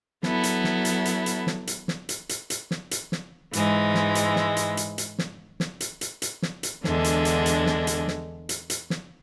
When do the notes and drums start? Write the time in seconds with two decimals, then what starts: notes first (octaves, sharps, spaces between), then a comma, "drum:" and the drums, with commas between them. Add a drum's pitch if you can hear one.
0.23 F#3 B3 E4 A4, drum: snare
0.43 drum: hi-hat
0.64 drum: snare
0.85 drum: hi-hat
1.05 drum: hi-hat
1.26 drum: hi-hat
1.47 drum: snare
1.67 drum: hi-hat
1.88 drum: snare
2.09 drum: hi-hat
2.29 drum: hi-hat
2.50 drum: hi-hat
2.71 drum: snare
2.91 drum: hi-hat
3.12 drum: snare
3.53 G#2 E3 G#3, drum: hi-hat
3.95 drum: snare
4.15 drum: hi-hat
4.36 drum: snare
4.57 drum: hi-hat
4.77 drum: hi-hat
4.98 drum: hi-hat
5.19 drum: snare
5.60 drum: snare
5.80 drum: hi-hat
6.01 drum: hi-hat
6.22 drum: hi-hat
6.42 drum: snare
6.63 drum: hi-hat
6.84 E2 D3 G#3 D4, drum: snare
7.04 drum: hi-hat
7.25 drum: hi-hat
7.46 drum: hi-hat
7.66 drum: snare
7.87 drum: hi-hat
8.08 drum: snare
8.49 drum: hi-hat
8.70 drum: hi-hat
8.90 drum: snare